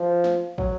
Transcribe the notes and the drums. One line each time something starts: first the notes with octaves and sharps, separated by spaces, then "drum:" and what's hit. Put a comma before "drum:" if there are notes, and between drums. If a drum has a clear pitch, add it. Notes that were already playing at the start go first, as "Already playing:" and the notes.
Already playing: F3
drum: snare
F#3, drum: kick